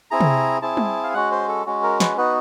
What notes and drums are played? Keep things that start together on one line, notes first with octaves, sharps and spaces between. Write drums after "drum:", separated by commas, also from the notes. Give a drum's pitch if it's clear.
C4 E4 G#4 A#5
drum: tom C3
C4 E4 G#4 A5
drum: tom G3
F5
G#3 C#4 F#4 F#5
C5
A4
G#3 C#4 F#4
A#4
B4, drum: snare
B3 D#4 F#4 B4